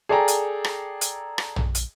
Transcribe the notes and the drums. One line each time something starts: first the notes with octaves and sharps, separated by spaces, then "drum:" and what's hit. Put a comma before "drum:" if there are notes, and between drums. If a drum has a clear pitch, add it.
G#4 A4 D5 G5 A#5
drum: hi-hat
drum: rim click
drum: hi-hat
drum: rim click
drum: tom
drum: hi-hat